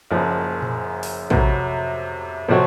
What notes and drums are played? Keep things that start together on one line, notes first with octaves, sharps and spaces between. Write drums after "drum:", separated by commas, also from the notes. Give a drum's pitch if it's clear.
F#1 F#2 F3
drum: tom A#2
drum: open hi-hat
F2 C3 F#3, drum: kick
C3 F3 C4 F#4 C#5